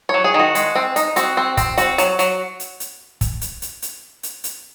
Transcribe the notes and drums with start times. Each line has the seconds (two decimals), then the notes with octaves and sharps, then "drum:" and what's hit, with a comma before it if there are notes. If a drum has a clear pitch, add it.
0.09 F#3 C#5
0.24 G#4
0.34 D#3
0.40 F#4
0.55 G#3, drum: hi-hat
0.75 C4
0.96 D#4, drum: hi-hat
1.16 C4 F#4, drum: hi-hat
1.37 C4
1.57 C4, drum: kick, hi-hat
1.78 C4 F#4, drum: hi-hat
1.98 F#3, drum: hi-hat
2.19 F#3, drum: hi-hat
2.60 drum: hi-hat
2.80 drum: hi-hat
3.21 drum: kick, hi-hat
3.41 drum: hi-hat
3.62 drum: hi-hat
3.82 drum: hi-hat
4.23 drum: hi-hat
4.44 drum: hi-hat